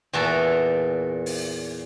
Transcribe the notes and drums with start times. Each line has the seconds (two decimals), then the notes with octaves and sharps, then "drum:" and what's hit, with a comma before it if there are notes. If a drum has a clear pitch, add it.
0.13 E2 A#2 F#4 A4 A#4 A#5
1.26 drum: open hi-hat